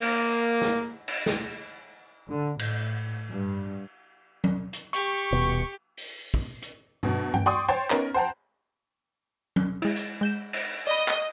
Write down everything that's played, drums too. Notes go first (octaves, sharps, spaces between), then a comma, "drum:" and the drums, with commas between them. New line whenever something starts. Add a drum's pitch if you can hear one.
A#3, drum: cymbal
drum: snare
drum: cymbal
drum: snare
D3
A2, drum: cymbal
G2
drum: tom F#3
drum: hi-hat
G4 C#6
D#1 B2
drum: open hi-hat
drum: kick
drum: hi-hat
D2 B2 F#3, drum: tom G2
G5, drum: tom G2
D5 G5 C6 C#6 D#6
C5 C#5 G5 C6 A6
B3 C#4 D#4 A#4, drum: clap
C5 F#5 G5 A5 A#5
drum: tom F#3
G#3 E4, drum: cymbal
drum: hi-hat
G#3 G6 E7
drum: cymbal
D5 D#5 B5
drum: clap